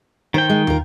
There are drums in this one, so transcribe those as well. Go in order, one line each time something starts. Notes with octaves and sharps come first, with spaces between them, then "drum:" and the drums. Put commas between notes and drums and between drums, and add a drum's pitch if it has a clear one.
D#3 C5 G5
G#3
F4 A#4, drum: tom